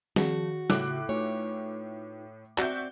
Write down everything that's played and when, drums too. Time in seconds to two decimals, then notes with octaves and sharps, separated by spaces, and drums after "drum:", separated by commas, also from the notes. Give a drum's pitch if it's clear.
0.16 D#3 F3 F#4 G#4 A5, drum: snare
0.70 A2 C#3 E4 F4 D6 F#6, drum: snare
1.09 A3 D#4 F4 B4 C#5
2.58 C4 F#4 D5 E5 F#5 G6, drum: clap